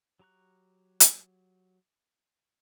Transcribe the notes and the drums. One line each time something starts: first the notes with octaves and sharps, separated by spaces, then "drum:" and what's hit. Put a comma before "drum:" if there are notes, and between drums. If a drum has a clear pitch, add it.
F#3 G4 A#5 C#6 F#6
drum: hi-hat